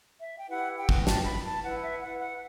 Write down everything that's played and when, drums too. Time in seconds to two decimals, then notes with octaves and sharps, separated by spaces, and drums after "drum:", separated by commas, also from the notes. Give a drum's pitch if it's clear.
0.21 E5
0.39 G5
0.49 E4 G4 B4 F#5
0.78 G5
0.89 drum: kick
1.07 A5, drum: snare
1.26 B5
1.45 A5
1.63 E4 B4 F#5
1.83 E5
2.01 F#5
2.20 F#5